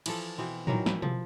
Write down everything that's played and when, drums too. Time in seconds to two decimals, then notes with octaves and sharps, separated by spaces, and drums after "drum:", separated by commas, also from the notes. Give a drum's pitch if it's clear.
0.06 E3 F3 A4, drum: cymbal
0.38 B2 E3 C4
0.67 D#3 E3 F#3 A#4, drum: tom A2
0.86 E4, drum: snare
1.02 F3, drum: tom B2